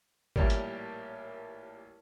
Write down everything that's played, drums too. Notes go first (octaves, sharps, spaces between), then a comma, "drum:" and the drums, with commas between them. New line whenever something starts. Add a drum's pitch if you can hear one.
A1 A#2 G3 A#4 C#5 A5, drum: kick
drum: hi-hat